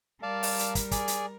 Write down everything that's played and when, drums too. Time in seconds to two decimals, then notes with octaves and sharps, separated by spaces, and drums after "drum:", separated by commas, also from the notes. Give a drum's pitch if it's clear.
0.23 G3 A#4 D5 F5 A5
0.43 drum: open hi-hat
0.59 drum: hi-hat
0.75 drum: kick, hi-hat
0.91 G#4 D5, drum: kick, hi-hat
1.08 drum: hi-hat